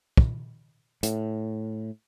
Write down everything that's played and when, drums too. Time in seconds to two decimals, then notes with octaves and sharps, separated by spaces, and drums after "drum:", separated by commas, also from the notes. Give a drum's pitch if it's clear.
0.17 drum: kick
1.03 A2, drum: hi-hat